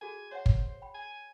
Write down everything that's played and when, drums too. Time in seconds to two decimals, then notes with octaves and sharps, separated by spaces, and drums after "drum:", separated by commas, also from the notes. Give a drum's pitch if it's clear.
0.02 F#4 G#4 A4 G#5
0.31 C5 C#5 E5 F#5
0.46 drum: kick
0.82 G5 B5
0.95 G#5